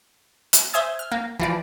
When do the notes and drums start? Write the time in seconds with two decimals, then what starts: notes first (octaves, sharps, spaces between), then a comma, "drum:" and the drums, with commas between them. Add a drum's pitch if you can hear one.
0.53 drum: hi-hat
0.73 C5 E5 G#5 D#6 G#6
0.99 F6
1.12 A#3
1.40 E3 F3 D5